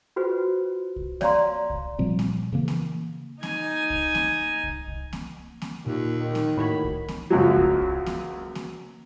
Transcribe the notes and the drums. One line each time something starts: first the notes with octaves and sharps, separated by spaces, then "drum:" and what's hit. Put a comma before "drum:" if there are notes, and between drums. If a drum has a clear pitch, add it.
F4 F#4 B4 C5
drum: kick C2
C#5 D5 F5 A#5 C6, drum: snare A#3
drum: kick C2
A#2 F3 G3 C4
drum: snare A#3
C#3 E3 A#3
drum: snare A#3
D#4 G#5, drum: snare A#3
drum: kick C2
drum: snare A#3
drum: kick C2
drum: kick C2
drum: snare A#3
drum: snare A#3
D#2 A#2
D#3
drum: snare A#3
A2 F#4 C#5 B5
drum: kick C2
drum: snare A#3
C#2 F#2 F3 F#3
drum: kick C2
drum: kick C2
drum: snare A#3
drum: snare A#3